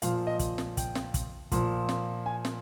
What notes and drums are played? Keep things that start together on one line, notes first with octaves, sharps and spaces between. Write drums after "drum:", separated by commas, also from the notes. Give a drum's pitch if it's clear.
A#2 F3 F5, drum: hi-hat
D#5
drum: kick, hi-hat
drum: snare
G5, drum: kick, hi-hat
drum: snare
drum: kick, hi-hat
A#2 F3, drum: kick, hi-hat
drum: snare
G#5
drum: snare